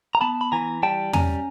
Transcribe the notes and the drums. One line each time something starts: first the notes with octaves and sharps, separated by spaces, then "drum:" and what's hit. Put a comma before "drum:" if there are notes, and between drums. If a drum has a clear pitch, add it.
A#5
B3 A5 B5
B5
E3 G#5 A#5
G3 G5 A5
C#4 G#5 A#5, drum: tom